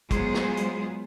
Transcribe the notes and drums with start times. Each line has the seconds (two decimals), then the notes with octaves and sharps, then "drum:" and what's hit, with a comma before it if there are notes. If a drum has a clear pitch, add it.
0.11 F#3 G#3 B3 F4 G#4 C5, drum: kick, hi-hat
0.34 drum: snare
0.57 drum: hi-hat